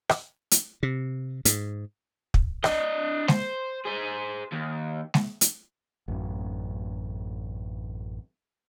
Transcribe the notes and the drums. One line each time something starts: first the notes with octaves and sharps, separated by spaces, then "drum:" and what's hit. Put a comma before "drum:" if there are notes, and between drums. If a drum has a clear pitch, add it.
drum: rim click
drum: hi-hat
C3
G#2, drum: hi-hat
drum: kick
D4 D#5, drum: rim click
C5, drum: snare G#3
G#4 C5
D#2
drum: snare G#3
drum: hi-hat
A1 F#2 C#4